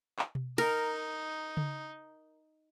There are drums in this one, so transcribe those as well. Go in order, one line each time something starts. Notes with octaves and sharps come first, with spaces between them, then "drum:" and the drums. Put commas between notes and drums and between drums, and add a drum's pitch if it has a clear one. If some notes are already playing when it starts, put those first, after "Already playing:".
drum: clap
drum: tom B2
D#4 A#4, drum: cymbal
drum: tom C#3